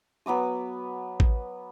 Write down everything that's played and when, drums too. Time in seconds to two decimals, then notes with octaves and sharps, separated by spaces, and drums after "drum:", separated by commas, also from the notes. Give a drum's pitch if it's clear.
0.26 F#3 B3 D6 D#6
1.20 drum: kick A1